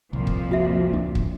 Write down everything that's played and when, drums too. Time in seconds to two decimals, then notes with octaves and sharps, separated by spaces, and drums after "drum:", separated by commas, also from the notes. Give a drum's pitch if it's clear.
0.13 C2 F2 A#2 F3
0.27 drum: kick
0.51 F#4 E5
0.93 C#2 D4
1.15 drum: kick